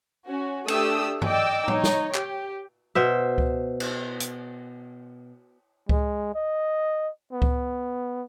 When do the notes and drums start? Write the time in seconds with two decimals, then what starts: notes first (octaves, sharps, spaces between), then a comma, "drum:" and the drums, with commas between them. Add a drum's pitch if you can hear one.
0.26 C#4 F#4
0.68 A3 D4 G4 D#6 E6, drum: cymbal
1.22 D5 D#5 G5 D6 E6, drum: tom G2
1.68 D#4 C#5, drum: tom
1.84 drum: snare
2.15 G4, drum: clap
2.95 B2 C5 E5
3.38 drum: kick C#2
3.80 drum: cymbal
4.20 drum: hi-hat
5.89 G#3, drum: kick C#2
6.35 D#5
7.33 B3
7.42 drum: kick C#2